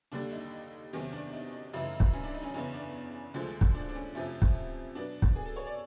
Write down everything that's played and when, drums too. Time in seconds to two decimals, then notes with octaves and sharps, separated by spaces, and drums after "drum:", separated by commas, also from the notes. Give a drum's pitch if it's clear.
0.12 D#2 D3 G3 D4
0.32 D#4
0.93 E2 C3 D#3 F#3 C#4
1.13 D4
1.33 D#4
1.74 F#2 C#3 E3 A3
2.00 drum: kick
2.13 C#4
2.24 D4
2.34 D#4
2.43 C#4
2.54 E2 C#3 E3 C#4
2.74 D4
3.34 D2 D3 F3 G#3
3.61 drum: kick
3.75 D4
3.89 D4
3.95 C#4
4.15 F2 C3 F3 A3 C#4
4.42 drum: kick
4.95 B2 F#3 B3 D4
5.22 drum: kick
5.36 G#4
5.46 A4
5.56 C#5
5.66 D5